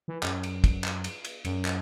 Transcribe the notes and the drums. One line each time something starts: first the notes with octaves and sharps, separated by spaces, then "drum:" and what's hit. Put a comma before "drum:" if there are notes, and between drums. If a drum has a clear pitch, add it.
E3
F#2, drum: clap
drum: cymbal
drum: kick, cymbal
drum: clap
drum: cymbal
drum: cymbal
F#2, drum: cymbal
drum: clap